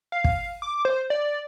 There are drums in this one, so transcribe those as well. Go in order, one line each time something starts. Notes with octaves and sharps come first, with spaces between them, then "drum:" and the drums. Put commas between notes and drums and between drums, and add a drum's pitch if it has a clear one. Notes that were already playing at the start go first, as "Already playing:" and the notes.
F5
drum: kick
D6
C5
D5